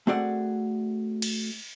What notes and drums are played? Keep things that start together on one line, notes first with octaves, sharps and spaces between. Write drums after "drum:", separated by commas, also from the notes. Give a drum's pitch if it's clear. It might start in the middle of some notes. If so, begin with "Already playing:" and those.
A3 C4 F#4 G#4 D5 F#5
drum: cymbal